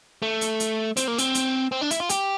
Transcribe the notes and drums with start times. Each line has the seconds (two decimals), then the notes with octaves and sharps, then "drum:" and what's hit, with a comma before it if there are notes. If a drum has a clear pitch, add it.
0.22 A3
0.41 drum: hi-hat
0.60 drum: hi-hat
0.97 C4, drum: hi-hat
1.08 A#3
1.18 C4, drum: hi-hat
1.35 drum: hi-hat
1.72 C4
1.81 D4
1.91 E4, drum: hi-hat
2.00 F4
2.09 G4, drum: hi-hat